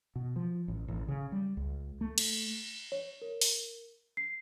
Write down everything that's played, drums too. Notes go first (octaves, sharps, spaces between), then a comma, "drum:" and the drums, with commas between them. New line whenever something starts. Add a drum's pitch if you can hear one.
B2
F3
A1
A1
C#3
G3
C#2
A3
drum: cymbal
C#5
A#4
drum: open hi-hat
C7